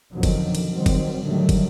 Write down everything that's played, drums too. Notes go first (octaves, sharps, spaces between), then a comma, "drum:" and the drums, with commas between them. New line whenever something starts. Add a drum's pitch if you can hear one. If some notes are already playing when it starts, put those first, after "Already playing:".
F2 B2 D3 D#3 F3 F#3
drum: kick, cymbal
drum: cymbal
D#3 F#3 G3 C4
drum: kick, cymbal
A2 D3 D#3 F#3 G3 A3
drum: kick, cymbal